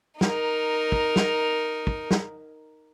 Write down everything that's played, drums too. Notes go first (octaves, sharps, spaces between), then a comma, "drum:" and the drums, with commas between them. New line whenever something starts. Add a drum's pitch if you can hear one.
D#4 A#4, drum: snare
drum: kick
drum: snare
drum: kick
drum: snare